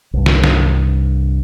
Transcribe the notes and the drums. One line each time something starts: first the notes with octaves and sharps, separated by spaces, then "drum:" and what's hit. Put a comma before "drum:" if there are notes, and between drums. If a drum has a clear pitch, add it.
C2 G2
drum: snare
drum: snare